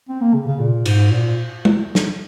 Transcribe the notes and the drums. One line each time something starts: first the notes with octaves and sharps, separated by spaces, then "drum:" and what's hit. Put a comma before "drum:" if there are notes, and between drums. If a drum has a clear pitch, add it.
C4
A#3
C#3
C#3
A#2
G#2, drum: cymbal
A#2
drum: tom G#3
drum: snare